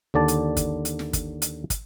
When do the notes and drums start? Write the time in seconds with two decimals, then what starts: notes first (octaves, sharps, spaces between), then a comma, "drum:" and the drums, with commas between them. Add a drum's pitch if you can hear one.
0.14 D#2 D3 D5 A5
0.28 drum: hi-hat
0.57 drum: kick, hi-hat
0.85 drum: hi-hat
0.99 drum: snare
1.13 drum: kick, hi-hat
1.42 drum: hi-hat
1.70 drum: kick, hi-hat